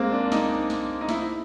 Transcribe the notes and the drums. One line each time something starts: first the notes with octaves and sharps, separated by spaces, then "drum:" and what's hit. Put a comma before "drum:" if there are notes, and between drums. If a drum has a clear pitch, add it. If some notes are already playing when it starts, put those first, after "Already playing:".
Already playing: G#3 A#3 C4
D4
D4
D#4, drum: snare
drum: snare
D#4
E4, drum: snare